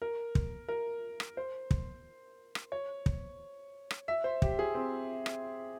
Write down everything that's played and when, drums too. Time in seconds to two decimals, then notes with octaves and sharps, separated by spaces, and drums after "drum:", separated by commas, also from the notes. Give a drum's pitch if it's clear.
0.02 A#4
0.35 drum: kick
0.68 A#4
1.20 drum: rim click
1.37 C5
1.71 drum: kick
2.55 drum: rim click
2.72 C#5
3.06 drum: kick
3.91 drum: rim click
4.08 E5
4.24 C5
4.42 G4, drum: kick
4.59 G#4
4.75 C4
5.26 drum: rim click